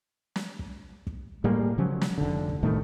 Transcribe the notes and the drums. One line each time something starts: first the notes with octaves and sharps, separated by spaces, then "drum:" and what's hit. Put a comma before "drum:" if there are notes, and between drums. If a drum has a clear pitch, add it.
drum: snare
drum: kick
drum: kick
A2 G3 G#3 A#3
C#3 F3 F#3 C#4
drum: snare
F1 D3
drum: kick
C2 A2 D#3 A3